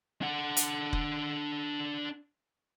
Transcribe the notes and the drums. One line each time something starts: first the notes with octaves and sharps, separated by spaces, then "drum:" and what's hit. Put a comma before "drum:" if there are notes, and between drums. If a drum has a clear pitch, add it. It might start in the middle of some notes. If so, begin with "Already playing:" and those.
D4 F#5
drum: hi-hat
drum: kick